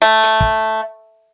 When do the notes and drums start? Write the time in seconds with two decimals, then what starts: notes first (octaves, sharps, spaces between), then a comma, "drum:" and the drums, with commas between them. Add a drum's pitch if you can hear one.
0.02 A3
0.24 drum: hi-hat
0.41 drum: kick